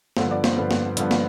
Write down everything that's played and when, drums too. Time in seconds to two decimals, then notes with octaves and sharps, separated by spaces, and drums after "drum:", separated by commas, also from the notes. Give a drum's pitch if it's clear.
0.17 G2 D3 F3 B3 C5, drum: snare
0.31 D5
0.44 C5, drum: snare
0.57 G2 D3 F3 B3 B4
0.71 drum: snare
0.97 G2 D3 F3 B3, drum: hi-hat
1.11 drum: snare